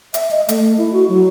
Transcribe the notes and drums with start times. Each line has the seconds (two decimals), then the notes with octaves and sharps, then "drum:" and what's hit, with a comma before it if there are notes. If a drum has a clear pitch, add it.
0.14 E5, drum: hi-hat
0.31 D#5
0.49 A3, drum: hi-hat
0.78 E4
0.93 F#4
1.09 F#3